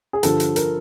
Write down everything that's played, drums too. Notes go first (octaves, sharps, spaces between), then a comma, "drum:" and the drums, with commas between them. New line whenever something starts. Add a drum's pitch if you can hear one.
G#4
G2 D3 F3 A4, drum: hi-hat
drum: hi-hat
A#4, drum: hi-hat